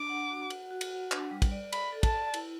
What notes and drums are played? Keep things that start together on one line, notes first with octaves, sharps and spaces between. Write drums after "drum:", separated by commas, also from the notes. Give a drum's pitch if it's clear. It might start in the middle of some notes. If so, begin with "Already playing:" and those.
Already playing: D4 D6
F#5
F#4
F#5, drum: cymbal
F#4
drum: cymbal
F#5
D4, drum: clap
G3
drum: kick, cymbal
D5
D5 B5, drum: cymbal
A4
A5, drum: kick, cymbal
D5
E4, drum: cymbal